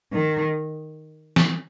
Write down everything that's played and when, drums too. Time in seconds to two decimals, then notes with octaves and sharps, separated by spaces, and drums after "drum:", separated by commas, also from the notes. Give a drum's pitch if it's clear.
0.12 D#3
1.36 drum: snare